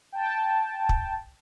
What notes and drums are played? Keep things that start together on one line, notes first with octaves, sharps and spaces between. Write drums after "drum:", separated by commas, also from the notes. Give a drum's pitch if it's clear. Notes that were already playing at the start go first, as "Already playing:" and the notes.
G5 A5
drum: kick